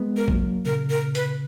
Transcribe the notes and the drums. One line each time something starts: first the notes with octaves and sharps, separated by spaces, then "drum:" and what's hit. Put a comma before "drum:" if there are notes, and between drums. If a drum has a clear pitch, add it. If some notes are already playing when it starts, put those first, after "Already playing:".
Already playing: G#3 B3
A#4
F#3 A#3, drum: kick
A#2 C#3 A#4
A#4
B4, drum: hi-hat